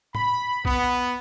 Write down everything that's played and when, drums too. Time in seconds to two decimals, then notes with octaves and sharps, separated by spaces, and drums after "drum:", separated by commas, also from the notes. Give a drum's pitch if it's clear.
0.15 B5, drum: tom A2
0.65 B3, drum: kick A#1